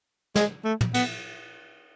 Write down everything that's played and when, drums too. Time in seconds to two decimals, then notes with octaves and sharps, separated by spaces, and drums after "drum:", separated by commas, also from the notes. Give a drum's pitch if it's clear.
0.36 G#3, drum: snare
0.64 A3
0.81 drum: tom
0.94 B3, drum: cymbal